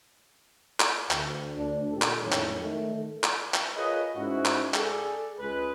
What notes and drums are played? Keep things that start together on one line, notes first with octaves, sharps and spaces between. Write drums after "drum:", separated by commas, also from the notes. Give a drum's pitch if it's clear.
drum: clap
D2, drum: clap
D2 D4
A#2 D#3 G4 A4
drum: clap
F2 A2 D#3 F#3 G#3 C#4
drum: clap
D#3 A3
drum: clap
drum: clap
F4 G#4 A#4 B4 C#5 D#5
G#2 C#4 E4 F#4
drum: clap
G#4 A4 D5, drum: clap
C#2 G#3 G#4 B4